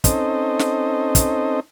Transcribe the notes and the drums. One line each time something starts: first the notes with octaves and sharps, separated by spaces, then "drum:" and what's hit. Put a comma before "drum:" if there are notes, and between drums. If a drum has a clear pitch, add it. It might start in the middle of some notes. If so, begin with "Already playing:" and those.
C4 C#4 D#4 A4 C5 D#5, drum: kick, hi-hat
drum: snare
drum: kick, hi-hat